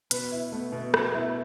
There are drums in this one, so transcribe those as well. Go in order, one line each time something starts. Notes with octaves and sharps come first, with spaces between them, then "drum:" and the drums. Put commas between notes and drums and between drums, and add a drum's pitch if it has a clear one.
B2 B4, drum: hi-hat
E4
A3 B3
B2
B2 B3, drum: rim click
E4